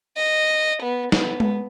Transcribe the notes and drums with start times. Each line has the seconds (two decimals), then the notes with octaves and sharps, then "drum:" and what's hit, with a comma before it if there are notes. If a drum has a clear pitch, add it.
0.17 D#5
0.83 B3
1.12 B3, drum: snare
1.40 drum: tom G#3